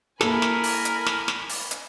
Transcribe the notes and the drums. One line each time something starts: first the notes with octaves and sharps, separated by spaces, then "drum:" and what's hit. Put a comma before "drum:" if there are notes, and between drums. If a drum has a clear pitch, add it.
A#3 E4 A4 A#4 G#5 B5, drum: snare
drum: snare
drum: open hi-hat
drum: hi-hat
drum: snare
drum: snare
drum: open hi-hat
drum: hi-hat